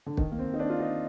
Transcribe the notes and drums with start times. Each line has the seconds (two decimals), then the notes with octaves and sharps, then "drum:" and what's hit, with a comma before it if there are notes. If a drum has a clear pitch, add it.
0.06 D3
0.17 D#3, drum: kick
0.32 A#3
0.39 C4
0.54 D#4
0.59 D4
0.70 F4
0.80 D#4